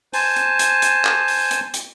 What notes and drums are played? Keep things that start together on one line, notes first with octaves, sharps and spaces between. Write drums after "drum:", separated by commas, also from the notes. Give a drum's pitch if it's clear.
C5 G#5 A5, drum: open hi-hat
drum: hi-hat
drum: hi-hat
drum: hi-hat
drum: clap
drum: open hi-hat
drum: hi-hat
drum: hi-hat